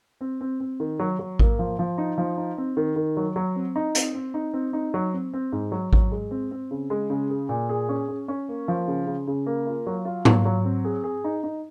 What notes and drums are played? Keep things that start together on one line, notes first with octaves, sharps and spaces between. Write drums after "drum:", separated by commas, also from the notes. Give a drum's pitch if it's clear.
C4
C4
C4
D#3
F#3
F#3
A#3, drum: kick A1
F3
F3
D#4
F3
D#4
C4
D#3
D#3
F#3
F#3
C4
D#4
C4, drum: hi-hat
C4
D#4
C4
D#4
F#3
C4
C4
G#2
F#3
F#3, drum: kick A1
G#3
C4
C4
C#3
G#3
C#3
G#4
A#2
G#4
C#4
C#4
C#4
A#3
F3
C#3
C#3
C#3
A#3
F4
F#3
F4
F#3, drum: tom
F#3
C4
G#4
G#4
D#4
D#4